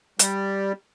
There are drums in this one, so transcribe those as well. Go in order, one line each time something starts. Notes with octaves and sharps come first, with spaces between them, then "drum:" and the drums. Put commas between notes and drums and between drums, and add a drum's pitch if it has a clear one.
G3, drum: hi-hat